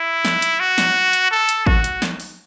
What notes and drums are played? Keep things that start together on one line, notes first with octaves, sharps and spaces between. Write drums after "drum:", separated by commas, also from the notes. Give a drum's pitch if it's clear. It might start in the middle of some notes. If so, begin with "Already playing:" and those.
Already playing: E4
drum: snare
drum: hi-hat
F#4
drum: snare
drum: hi-hat
A4
drum: hi-hat
F#4, drum: kick G#1
drum: hi-hat
drum: snare
drum: open hi-hat